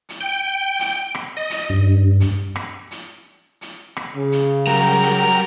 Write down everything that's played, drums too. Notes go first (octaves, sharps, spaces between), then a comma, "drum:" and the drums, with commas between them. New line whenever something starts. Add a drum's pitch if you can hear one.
drum: hi-hat
G5
drum: hi-hat
drum: rim click
D#5
drum: hi-hat
G2
drum: hi-hat
drum: rim click
drum: hi-hat
drum: hi-hat
drum: rim click
C#3
drum: hi-hat
F#3 G3 A#4 A#5
drum: hi-hat